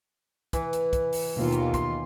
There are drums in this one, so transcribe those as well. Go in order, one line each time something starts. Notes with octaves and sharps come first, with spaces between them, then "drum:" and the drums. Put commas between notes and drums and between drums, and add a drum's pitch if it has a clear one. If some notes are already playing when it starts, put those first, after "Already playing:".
E3, drum: kick, hi-hat
drum: hi-hat
drum: kick, hi-hat
drum: open hi-hat
D#2 B2 F4
drum: hi-hat
C6, drum: kick, hi-hat